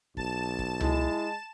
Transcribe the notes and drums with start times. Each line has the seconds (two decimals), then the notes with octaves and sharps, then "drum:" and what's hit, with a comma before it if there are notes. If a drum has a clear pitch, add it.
0.17 B1 A5 E7, drum: kick
0.59 drum: kick
0.80 G#3 E4, drum: tom C#2